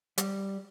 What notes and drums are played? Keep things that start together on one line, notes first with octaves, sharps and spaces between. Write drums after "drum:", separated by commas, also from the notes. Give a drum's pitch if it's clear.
G3, drum: hi-hat